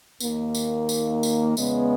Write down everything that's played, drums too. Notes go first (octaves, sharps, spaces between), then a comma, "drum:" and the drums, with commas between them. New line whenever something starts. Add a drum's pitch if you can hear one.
D#2 D#3 A#3, drum: tambourine
drum: tambourine
drum: tambourine
drum: tambourine
E2 C#3 G#3 B3, drum: tambourine